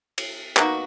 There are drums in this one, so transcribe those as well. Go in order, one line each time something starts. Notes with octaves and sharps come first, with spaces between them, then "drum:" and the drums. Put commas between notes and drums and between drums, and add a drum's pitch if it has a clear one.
drum: cymbal
B2 A#3 D#4 F#4, drum: clap